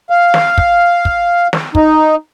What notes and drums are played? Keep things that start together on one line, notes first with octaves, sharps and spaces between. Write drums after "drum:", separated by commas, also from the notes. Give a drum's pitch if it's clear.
F5
drum: snare
drum: kick
drum: kick
drum: snare
D#4, drum: kick